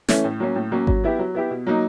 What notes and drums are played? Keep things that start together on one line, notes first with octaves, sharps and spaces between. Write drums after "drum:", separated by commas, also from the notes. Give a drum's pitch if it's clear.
E3 A3 C#4, drum: snare
A2
F#3 A#3 C#4
A2
F#3 A#3 C#4
F#3, drum: kick G#1
B3 E4 G4
F#3
B3 E4 G4
B2
F#3 A#3 D#4